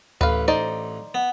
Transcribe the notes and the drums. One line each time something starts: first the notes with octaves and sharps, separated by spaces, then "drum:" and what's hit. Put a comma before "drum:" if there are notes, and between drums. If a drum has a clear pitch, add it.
A1 B4 F5, drum: tom D2
D#4 C5 D5
B3